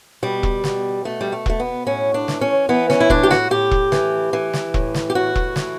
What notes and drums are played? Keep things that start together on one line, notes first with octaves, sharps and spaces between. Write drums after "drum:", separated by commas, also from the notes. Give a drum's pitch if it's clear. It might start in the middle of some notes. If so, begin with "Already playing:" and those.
B2 G3
drum: kick E1
B2, drum: snare
B2 A3
G3
A3
B2 A3, drum: kick E1
B3
A2 C#4
D4
E3, drum: snare
C#4
E3 B3
C#4, drum: snare
E4
A2 D4, drum: kick E1
G4
F#4, drum: snare
A2 G4
drum: kick E1
E3, drum: snare
E3
drum: snare
A2, drum: kick E1
drum: snare
G4
A2 F#4
drum: kick E1
E3, drum: snare